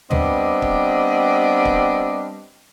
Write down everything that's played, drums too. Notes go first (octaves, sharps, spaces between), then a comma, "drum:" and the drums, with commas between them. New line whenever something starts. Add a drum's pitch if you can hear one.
G3 B3 C4 D4 B4 D#5, drum: tom
drum: kick
drum: kick